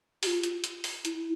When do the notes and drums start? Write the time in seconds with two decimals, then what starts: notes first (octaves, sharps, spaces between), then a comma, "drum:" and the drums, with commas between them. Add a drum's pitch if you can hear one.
0.23 G4, drum: open hi-hat
0.27 F4
0.43 drum: hi-hat
0.64 drum: hi-hat
0.84 drum: open hi-hat
1.05 E4, drum: hi-hat